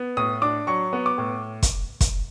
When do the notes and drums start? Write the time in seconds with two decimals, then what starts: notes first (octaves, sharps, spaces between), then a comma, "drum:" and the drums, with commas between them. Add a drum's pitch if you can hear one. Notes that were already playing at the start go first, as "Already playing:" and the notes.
Already playing: B3
0.17 A2 D#6
0.42 D4 D6
0.67 F#3 C#6
0.93 B3
1.06 D6
1.18 A2
1.63 drum: kick, hi-hat
2.01 drum: kick, hi-hat